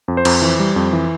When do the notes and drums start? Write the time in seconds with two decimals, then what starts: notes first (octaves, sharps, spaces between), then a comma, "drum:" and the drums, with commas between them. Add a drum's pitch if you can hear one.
0.08 F2
0.17 C5
0.25 F2, drum: cymbal
0.42 E3
0.60 G3
0.76 F2
0.93 E3